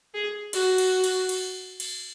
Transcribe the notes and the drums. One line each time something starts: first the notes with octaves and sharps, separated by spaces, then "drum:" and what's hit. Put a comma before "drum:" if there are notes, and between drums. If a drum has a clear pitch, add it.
G#4
F#4, drum: cymbal
drum: cymbal
drum: cymbal
drum: cymbal
drum: cymbal